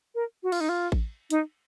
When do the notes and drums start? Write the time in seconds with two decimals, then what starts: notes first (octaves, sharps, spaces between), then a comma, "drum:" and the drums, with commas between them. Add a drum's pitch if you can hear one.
0.15 A#4
0.43 F#4
0.52 F4, drum: cymbal
0.61 D#4
0.69 F4
0.92 drum: kick A1
1.30 D#4, drum: hi-hat